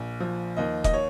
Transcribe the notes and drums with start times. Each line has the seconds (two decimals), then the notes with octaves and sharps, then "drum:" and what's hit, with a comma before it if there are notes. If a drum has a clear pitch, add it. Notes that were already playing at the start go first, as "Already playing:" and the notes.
Already playing: A#1
0.20 F3
0.57 D#2 D#5
0.84 D#5, drum: kick, hi-hat
0.94 C#5